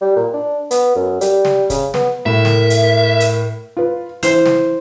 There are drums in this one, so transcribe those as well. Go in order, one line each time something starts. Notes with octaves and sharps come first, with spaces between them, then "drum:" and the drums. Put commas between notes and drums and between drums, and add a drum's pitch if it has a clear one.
G3
A#2
D4
B3, drum: hi-hat
F#2
G3, drum: hi-hat
drum: snare
C#3, drum: kick, hi-hat
B3, drum: snare
A2 A#4 E5
drum: snare
drum: hi-hat
drum: hi-hat
F4 B4
E3 C5, drum: hi-hat
drum: snare